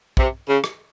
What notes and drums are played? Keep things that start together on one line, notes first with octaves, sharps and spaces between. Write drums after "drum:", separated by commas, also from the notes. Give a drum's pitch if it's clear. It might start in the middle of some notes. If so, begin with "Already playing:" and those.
C3, drum: kick
C#3
drum: rim click